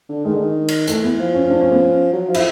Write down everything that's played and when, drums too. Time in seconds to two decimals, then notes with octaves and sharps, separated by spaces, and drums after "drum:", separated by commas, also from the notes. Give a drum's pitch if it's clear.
0.09 D3
0.25 D#3 G#3
0.33 D3
0.41 D#3
0.68 drum: cymbal
0.87 E3 A3, drum: hi-hat
1.04 B3
1.20 F3
1.34 C#4
1.45 C#4
1.50 D4
1.61 C#4
1.72 B3
1.82 C#4
2.13 F#3
2.29 F3
2.34 E4, drum: cymbal